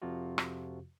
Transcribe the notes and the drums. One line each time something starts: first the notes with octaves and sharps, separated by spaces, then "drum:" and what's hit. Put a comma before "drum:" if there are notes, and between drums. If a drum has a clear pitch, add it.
F2 C3 F3 F4 F#4
drum: rim click